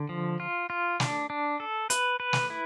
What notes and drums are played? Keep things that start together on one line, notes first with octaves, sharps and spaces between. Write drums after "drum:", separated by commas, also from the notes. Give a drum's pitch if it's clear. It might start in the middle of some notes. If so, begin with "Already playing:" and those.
Already playing: D3
F3
F4
F4
D4, drum: snare
D4
A4
B4, drum: hi-hat
B4
drum: snare
E4